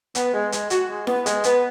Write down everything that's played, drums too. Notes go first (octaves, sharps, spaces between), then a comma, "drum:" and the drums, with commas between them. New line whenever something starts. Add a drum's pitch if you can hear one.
B3, drum: hi-hat
G#3
G#3, drum: hi-hat
F#4, drum: hi-hat
G#3
B3, drum: snare E4
G#3, drum: hi-hat
B3, drum: hi-hat